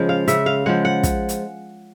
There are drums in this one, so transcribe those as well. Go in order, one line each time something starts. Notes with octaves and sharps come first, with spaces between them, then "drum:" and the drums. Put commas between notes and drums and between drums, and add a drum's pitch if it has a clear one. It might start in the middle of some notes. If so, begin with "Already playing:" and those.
Already playing: C#3 F3 G#3
F5
C#3 E5, drum: hi-hat
F5
F3 G#3 F#5
F#5
drum: kick, hi-hat
drum: hi-hat